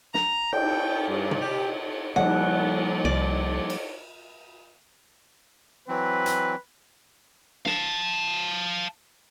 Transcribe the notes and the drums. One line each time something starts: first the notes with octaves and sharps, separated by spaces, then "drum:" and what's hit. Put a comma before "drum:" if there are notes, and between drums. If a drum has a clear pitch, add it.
A#5, drum: snare
G5, drum: cymbal
G2
drum: tom
G4
F3 G3 A#3 F#5, drum: cymbal
C2 D5
drum: cymbal
E3 F#3 C4 B4
drum: hi-hat
F5 A5, drum: snare